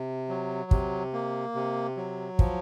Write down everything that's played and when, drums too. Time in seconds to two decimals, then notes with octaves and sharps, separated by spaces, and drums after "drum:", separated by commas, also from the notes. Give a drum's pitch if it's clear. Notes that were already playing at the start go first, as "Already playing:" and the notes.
Already playing: C3
0.29 F#3
0.71 C3, drum: kick
1.13 A#3
1.55 C3
1.97 F#3
2.39 F3, drum: kick